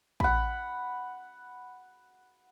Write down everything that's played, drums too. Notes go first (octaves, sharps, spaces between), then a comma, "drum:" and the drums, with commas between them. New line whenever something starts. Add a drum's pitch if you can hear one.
F#5 B5, drum: kick